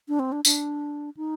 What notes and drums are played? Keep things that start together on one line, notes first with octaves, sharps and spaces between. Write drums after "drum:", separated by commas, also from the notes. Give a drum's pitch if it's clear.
D4
C4
D4
D4, drum: tambourine
D#4